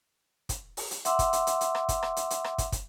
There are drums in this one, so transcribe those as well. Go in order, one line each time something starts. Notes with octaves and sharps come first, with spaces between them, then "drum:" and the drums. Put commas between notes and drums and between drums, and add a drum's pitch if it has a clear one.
drum: kick, hi-hat
drum: open hi-hat
drum: hi-hat
E5 F#5 C6 D6 E6, drum: hi-hat
drum: kick, hi-hat
drum: hi-hat
drum: hi-hat
drum: hi-hat
drum: rim click
drum: kick, hi-hat
drum: rim click
drum: hi-hat
drum: hi-hat
drum: rim click
drum: kick, hi-hat
drum: kick, hi-hat